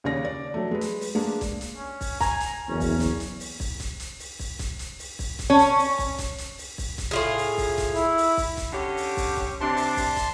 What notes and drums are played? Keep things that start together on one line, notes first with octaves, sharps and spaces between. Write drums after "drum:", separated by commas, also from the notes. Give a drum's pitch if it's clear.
D#2 C#3 C#5 D5 A#6
D5
F#3 A3
G#3 B4
drum: hi-hat
drum: open hi-hat
G#3 A#3 D4
drum: kick, hi-hat
drum: hi-hat
C#4
drum: kick, open hi-hat
G#5 A#5, drum: kick, hi-hat
drum: hi-hat
F#1 E2 C#4
drum: kick, open hi-hat
drum: kick, hi-hat
drum: hi-hat
drum: open hi-hat
drum: kick, open hi-hat
drum: kick, hi-hat
drum: hi-hat
drum: open hi-hat
drum: kick, open hi-hat
drum: kick, hi-hat
drum: hi-hat
drum: open hi-hat
drum: kick, open hi-hat
drum: kick, hi-hat
C#4
drum: hi-hat
drum: open hi-hat
drum: kick, open hi-hat
drum: kick, hi-hat
drum: hi-hat
drum: open hi-hat
drum: kick, open hi-hat
drum: kick, hi-hat
A2 F4 G#4
drum: open hi-hat
drum: kick, open hi-hat
drum: kick, hi-hat
E4, drum: hi-hat
drum: open hi-hat
drum: kick, open hi-hat
drum: kick, hi-hat
D3 C#4 G4
drum: open hi-hat
drum: kick, open hi-hat
drum: kick
C3 D4 A5 C6
drum: open hi-hat
drum: kick, open hi-hat
drum: kick, hi-hat